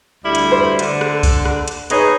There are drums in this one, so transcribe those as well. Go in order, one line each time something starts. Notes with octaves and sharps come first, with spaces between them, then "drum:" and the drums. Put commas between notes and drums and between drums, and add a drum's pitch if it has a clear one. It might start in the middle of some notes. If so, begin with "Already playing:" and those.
D2 G3 E4
drum: hi-hat
C5
D3, drum: hi-hat
drum: rim click
drum: kick C2, open hi-hat
drum: rim click
drum: hi-hat
D#4 G#4 B4 C#5, drum: hi-hat